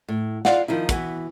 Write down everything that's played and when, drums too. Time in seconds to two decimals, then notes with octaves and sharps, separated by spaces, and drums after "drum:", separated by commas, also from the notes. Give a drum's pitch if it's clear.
0.08 A2
0.45 F4 D5 F5 F#5, drum: snare
0.68 D#3 F3 D#4 E4
0.89 E3 B3 F#4, drum: kick, hi-hat